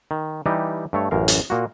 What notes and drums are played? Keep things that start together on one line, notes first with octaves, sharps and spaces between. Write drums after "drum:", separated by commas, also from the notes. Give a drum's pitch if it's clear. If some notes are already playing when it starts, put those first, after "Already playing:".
D#3
E3 G3 D#4 G4
G2 A3 C#5
A1 F#2 A#4 F5
drum: hi-hat
A#2 A#3 F#4